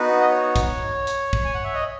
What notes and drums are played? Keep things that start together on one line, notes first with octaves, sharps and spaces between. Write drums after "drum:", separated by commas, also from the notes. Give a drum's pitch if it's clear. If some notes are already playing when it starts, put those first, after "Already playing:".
Already playing: B3 D#4 F#4 B4
D#5
C#5
drum: kick, hi-hat
drum: hi-hat
drum: kick
G#5
F#5
E5
D#5